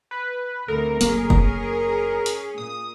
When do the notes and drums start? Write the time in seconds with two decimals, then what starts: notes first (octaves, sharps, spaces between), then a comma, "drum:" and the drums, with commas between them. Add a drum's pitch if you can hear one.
0.11 B4
0.68 D2 C3 A4 A#4 B5
1.01 F#1 A#3 C#4 G#4, drum: hi-hat
1.30 drum: kick
2.26 drum: hi-hat
2.58 A#2 D#6